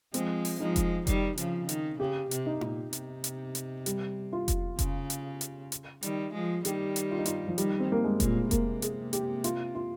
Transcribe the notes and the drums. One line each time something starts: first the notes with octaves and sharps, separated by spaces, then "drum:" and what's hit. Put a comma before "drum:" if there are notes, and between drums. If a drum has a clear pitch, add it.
F3 G#3 C4, drum: hi-hat
drum: open hi-hat
F3 G#3 D#4
drum: kick F1, hi-hat
D#3 G3, drum: kick F1, hi-hat
C#3 F3, drum: hi-hat
D#3, drum: hi-hat
C#3 G4
C3, drum: hi-hat
D#4
A#2, drum: tom D#4
C3, drum: hi-hat
drum: hi-hat
drum: hi-hat
G3, drum: hi-hat
F4
drum: kick F1, hi-hat
C#3, drum: kick F1, hi-hat
drum: hi-hat
drum: hi-hat
drum: hi-hat
D#3 G3, drum: hi-hat
F3 G#3
D#3 G3 G4, drum: hi-hat
drum: hi-hat
F4
D#4
F4, drum: hi-hat
F3
D#3 G3, drum: hi-hat
C4
A#3
G#3
A#2, drum: kick F1, hi-hat
C3 A#3, drum: kick F1, hi-hat
G#4, drum: hi-hat
G4, drum: hi-hat
F4, drum: hi-hat
F4